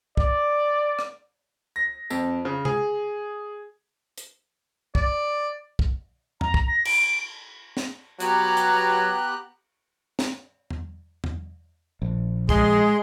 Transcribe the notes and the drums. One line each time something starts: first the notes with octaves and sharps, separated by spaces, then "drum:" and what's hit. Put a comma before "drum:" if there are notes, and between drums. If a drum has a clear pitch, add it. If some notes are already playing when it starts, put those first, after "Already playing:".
D5, drum: kick
drum: rim click
A#6
F2, drum: tambourine
C#3
G#4, drum: tom C3
drum: hi-hat
D5, drum: kick
drum: kick
A#5, drum: tom E2
drum: kick
A#6
D7, drum: cymbal
drum: snare
F#3 B3 G4 A#5 F#6, drum: hi-hat
drum: hi-hat
drum: snare
drum: tom E2
drum: tom E2
A#1
G#3 G#4 C6, drum: kick